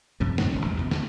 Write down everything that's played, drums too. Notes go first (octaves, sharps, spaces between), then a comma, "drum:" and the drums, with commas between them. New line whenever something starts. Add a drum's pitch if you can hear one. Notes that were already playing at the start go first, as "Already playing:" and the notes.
F#2 C3 F3
F2 A2 G3 A#3, drum: snare
D1 G#1 C#4
A1 D#2 E3 G#3
D#2 B2
A3, drum: snare